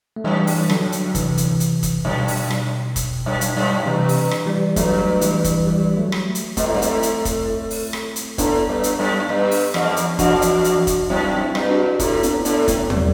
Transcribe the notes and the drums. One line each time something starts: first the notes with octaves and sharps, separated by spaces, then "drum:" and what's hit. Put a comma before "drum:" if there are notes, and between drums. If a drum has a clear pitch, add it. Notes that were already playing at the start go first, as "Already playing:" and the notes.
A3
F#2 E3 G3
drum: open hi-hat
D3 F#3, drum: rim click
drum: hi-hat
C3 E3, drum: kick, hi-hat
drum: hi-hat
drum: hi-hat
drum: kick, hi-hat
F#2 B2 D3
drum: open hi-hat
drum: rim click
drum: kick, hi-hat
F#2
drum: hi-hat
F#2
G2 C3 E3
drum: open hi-hat
drum: rim click
E3 G3
G2 F#3 A3, drum: kick, hi-hat
E3 G3, drum: hi-hat
drum: kick, hi-hat
E3 G3
F#3 A3
drum: rim click
drum: hi-hat
B2 A3 C4, drum: kick, hi-hat
A2
G2
A2, drum: hi-hat
drum: hi-hat
drum: kick, hi-hat
drum: open hi-hat
drum: rim click
drum: hi-hat
A2 B3 D4, drum: kick, hi-hat
G2
drum: hi-hat
F#2
G2
drum: open hi-hat
E2, drum: rim click
drum: hi-hat
E2 D4 F#4, drum: kick, hi-hat
drum: hi-hat
drum: hi-hat
drum: kick, hi-hat
F#2 C4 E4
C4 E4
G2, drum: rim click
D4 F#4
A2 C4 E4, drum: kick, hi-hat
B3 D4, drum: hi-hat
A2 B3 D4, drum: hi-hat
A3 C4, drum: kick, hi-hat
G3 B3, drum: tom E2